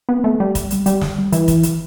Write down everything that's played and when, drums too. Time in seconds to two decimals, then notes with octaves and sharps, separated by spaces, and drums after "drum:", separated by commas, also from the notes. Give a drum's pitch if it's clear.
0.09 B3
0.24 A3
0.40 G3
0.55 drum: kick, hi-hat
0.71 drum: hi-hat
0.86 G3, drum: hi-hat
1.01 drum: snare
1.32 E3, drum: hi-hat
1.48 drum: kick, hi-hat
1.63 drum: hi-hat